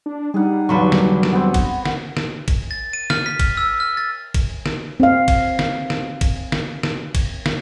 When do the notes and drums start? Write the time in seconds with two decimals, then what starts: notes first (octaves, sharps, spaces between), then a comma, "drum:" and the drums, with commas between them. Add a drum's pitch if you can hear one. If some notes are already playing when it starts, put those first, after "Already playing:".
0.06 D4
0.34 G3 D#4 G#4 F#5
0.69 E2 D3 F#3 F4 B5 C#6
0.92 drum: snare
1.23 drum: snare
1.32 B3 C4 F#5
1.54 drum: kick G1, cymbal
1.85 drum: snare
2.17 drum: snare
2.48 drum: kick G1, cymbal
2.71 A6
2.93 D#7
3.10 F6, drum: snare
3.26 B6
3.39 F6, drum: kick G1, cymbal
3.57 E6
3.80 F6
3.97 A6
4.34 drum: kick G1, cymbal
4.66 drum: snare
5.00 C4 F5
5.28 drum: kick G1, cymbal
5.59 drum: snare
5.90 drum: snare
6.21 drum: kick G1, cymbal
6.52 drum: snare
6.83 drum: snare
7.15 drum: kick G1, cymbal
7.46 drum: snare